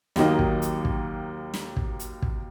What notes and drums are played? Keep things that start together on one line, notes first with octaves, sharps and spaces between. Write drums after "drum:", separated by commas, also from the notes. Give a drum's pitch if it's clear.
D#2 D#3 F#3 A#3 D#4, drum: snare
drum: kick
drum: hi-hat
drum: kick
drum: snare
drum: kick
drum: hi-hat
drum: kick